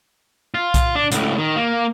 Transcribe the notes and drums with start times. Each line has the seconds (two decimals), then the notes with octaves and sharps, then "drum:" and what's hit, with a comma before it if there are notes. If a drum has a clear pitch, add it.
0.55 F4
0.74 drum: kick B1, hi-hat
0.96 D4
1.12 C#2 A2, drum: hi-hat
1.38 D#3
1.56 A#3